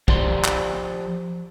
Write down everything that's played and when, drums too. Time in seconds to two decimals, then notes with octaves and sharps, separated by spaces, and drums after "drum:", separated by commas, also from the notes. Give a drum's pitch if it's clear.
0.08 F3 G4 D5 C6, drum: kick
0.45 drum: clap